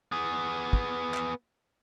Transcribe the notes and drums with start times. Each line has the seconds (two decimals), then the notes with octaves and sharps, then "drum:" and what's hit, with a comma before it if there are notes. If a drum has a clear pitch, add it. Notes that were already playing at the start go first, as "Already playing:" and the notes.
0.12 B3 G#4
0.73 drum: kick
1.14 drum: clap